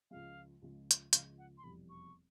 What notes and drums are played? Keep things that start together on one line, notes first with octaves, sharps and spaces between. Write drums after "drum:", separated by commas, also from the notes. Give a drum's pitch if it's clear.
C#2 C#3 F3 G#3 F5
C#2 C#3 F3 G#3
drum: hi-hat
C#2 C#3 F3 G#3 F5, drum: hi-hat
F#5
C6
F1 E2 B2 G3 B5
C#6